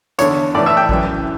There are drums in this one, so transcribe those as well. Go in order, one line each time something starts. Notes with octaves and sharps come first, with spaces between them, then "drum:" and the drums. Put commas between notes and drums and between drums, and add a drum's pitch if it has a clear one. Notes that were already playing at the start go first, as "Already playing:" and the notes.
E2 D3 C#5, drum: hi-hat
A2 E3 D5
E5
G5
F#2 E3, drum: kick A1